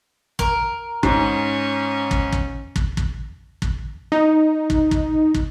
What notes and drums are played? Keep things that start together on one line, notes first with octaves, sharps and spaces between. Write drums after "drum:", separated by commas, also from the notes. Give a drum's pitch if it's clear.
A#4, drum: kick
G#2 C#4, drum: kick
drum: kick
drum: kick
drum: kick
drum: kick
drum: kick
D#4
drum: kick
drum: kick
drum: kick